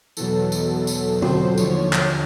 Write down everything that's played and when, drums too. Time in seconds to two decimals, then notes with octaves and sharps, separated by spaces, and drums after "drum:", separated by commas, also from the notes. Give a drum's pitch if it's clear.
0.17 E2 B2 F#3 A4, drum: tambourine
0.52 drum: tambourine
0.87 drum: tambourine
1.22 C5, drum: tom
1.58 D#2 D3 F3 C#5, drum: tambourine
1.93 drum: clap